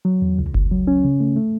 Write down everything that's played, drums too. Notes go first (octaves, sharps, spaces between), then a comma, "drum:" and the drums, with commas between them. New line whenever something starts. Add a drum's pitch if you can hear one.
F#3
E2
C#2
C#2, drum: kick F#1
F#3
C#4
C#3
A3
A3